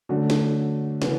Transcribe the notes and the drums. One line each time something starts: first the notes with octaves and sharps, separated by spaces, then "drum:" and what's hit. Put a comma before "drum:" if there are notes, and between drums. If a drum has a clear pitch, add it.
D3 F#3 A3 D4 F#4
drum: snare
C#3 E3 B3, drum: snare